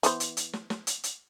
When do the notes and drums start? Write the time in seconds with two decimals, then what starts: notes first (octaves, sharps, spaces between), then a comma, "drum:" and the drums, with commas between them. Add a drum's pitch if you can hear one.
0.03 E3 B3 C5, drum: hi-hat
0.20 drum: hi-hat
0.37 drum: hi-hat
0.53 drum: snare
0.70 drum: snare
0.87 drum: hi-hat
1.04 drum: hi-hat